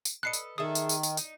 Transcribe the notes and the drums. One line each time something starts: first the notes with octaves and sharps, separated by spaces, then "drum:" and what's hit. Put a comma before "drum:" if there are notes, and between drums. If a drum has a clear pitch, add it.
drum: tambourine
A4 B4 D#5 F#6 C7 C#7
drum: tambourine
D#3 G#4 A4 E5 D#6
drum: tambourine
drum: tambourine
drum: tambourine
D#4, drum: tambourine